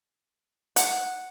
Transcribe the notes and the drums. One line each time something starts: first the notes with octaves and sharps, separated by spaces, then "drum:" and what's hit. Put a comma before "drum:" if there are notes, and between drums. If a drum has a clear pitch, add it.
F#5, drum: hi-hat